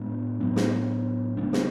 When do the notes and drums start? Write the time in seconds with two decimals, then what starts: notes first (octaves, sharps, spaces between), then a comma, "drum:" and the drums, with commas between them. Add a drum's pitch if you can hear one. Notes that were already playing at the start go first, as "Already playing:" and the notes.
Already playing: A2 G#3 B3 D4
0.40 A2 F#3 B3 D4
0.56 drum: snare
1.37 C#3 G#3 B3 D4
1.53 drum: snare